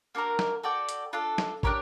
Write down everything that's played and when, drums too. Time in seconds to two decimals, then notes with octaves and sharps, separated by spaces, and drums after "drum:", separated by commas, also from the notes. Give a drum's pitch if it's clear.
0.15 A#3 D4 F#4 A#4
0.39 drum: snare
0.63 F#4 A4 D5 G5
0.89 drum: hi-hat
1.13 D4 F4 A4
1.38 drum: snare
1.63 D4 G4 A#4 C#5, drum: kick